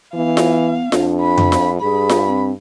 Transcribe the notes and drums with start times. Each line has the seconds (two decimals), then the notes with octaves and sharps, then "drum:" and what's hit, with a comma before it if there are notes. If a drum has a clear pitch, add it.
0.14 E3 B3 F5
0.37 drum: snare F4
0.92 F2 D4, drum: snare F4
1.20 B5
1.38 drum: tom F2
1.52 drum: snare F4
1.81 G2 G#4 B5
2.09 drum: snare F4
2.27 C4